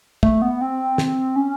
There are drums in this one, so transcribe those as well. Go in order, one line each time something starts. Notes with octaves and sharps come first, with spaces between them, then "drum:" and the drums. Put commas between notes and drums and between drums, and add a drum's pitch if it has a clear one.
A3, drum: kick
B3
C4
drum: snare
C#4